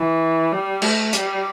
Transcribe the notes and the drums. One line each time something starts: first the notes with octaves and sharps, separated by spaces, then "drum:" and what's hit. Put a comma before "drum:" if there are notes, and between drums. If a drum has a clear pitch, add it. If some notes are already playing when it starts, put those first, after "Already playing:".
Already playing: E3
G3
A3, drum: cymbal
G3, drum: hi-hat